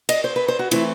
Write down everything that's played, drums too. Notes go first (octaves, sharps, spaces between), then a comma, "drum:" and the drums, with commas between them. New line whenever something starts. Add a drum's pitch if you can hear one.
D#5, drum: cymbal
C5
B4
C5
F#4
E3 A3 C4 E4, drum: cymbal